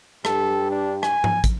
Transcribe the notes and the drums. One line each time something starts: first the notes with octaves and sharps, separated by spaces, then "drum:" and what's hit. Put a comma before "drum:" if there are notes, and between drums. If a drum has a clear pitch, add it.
G2 G4 A4, drum: rim click
D4
G#5, drum: rim click
drum: tom
drum: kick, hi-hat